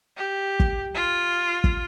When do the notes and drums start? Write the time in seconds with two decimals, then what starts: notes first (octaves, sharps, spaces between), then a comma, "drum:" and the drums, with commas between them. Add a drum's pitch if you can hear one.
0.17 G4
0.60 drum: kick
0.94 F4
1.64 drum: kick